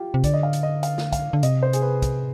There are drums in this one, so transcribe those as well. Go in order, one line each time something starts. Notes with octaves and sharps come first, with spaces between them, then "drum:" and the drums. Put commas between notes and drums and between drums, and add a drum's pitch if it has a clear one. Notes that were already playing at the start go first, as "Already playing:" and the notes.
Already playing: F4 G4
C3
D3 D5, drum: kick, hi-hat
D#5
F5
drum: hi-hat
D#5
F5, drum: hi-hat
drum: snare
F5, drum: kick, hi-hat
D3
C3 D#5, drum: hi-hat
C5
G#4, drum: hi-hat
B4
drum: kick, hi-hat